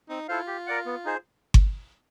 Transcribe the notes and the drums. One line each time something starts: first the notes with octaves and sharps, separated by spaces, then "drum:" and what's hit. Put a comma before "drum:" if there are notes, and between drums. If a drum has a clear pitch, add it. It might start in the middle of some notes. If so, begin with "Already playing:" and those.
C4 D#4
E4 F4 A4 C5 F5
G4
A#4 D5 F#5
B3
D#4 G#4 C5
drum: kick G1